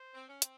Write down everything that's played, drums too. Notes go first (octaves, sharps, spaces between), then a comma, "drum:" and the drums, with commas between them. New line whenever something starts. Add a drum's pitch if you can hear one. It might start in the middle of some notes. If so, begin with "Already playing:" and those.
Already playing: C5
C4
C#4
C4, drum: hi-hat